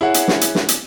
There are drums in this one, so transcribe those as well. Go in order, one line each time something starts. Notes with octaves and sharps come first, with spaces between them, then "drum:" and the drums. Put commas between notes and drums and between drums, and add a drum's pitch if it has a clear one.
E4 G#4 C#5 F#5
drum: hi-hat
drum: snare
drum: hi-hat
drum: snare
drum: hi-hat